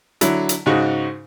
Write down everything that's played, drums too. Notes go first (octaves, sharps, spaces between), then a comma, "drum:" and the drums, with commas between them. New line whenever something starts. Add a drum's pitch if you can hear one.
D3 F#3 E4, drum: hi-hat
drum: hi-hat
G#2 C#3 D#4 F#4 C#6